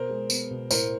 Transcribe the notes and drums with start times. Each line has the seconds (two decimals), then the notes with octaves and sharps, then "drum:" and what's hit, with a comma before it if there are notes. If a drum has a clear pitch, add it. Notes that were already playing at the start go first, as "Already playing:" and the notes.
Already playing: B2 A#4 C5
0.09 G#3
0.30 B3, drum: tambourine
0.51 B2
0.71 A2 A#4 C5, drum: tambourine